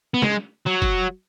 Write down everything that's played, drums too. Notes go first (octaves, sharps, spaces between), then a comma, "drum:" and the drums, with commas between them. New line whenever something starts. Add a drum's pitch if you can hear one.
B3
G#3, drum: snare
F#3
drum: kick, hi-hat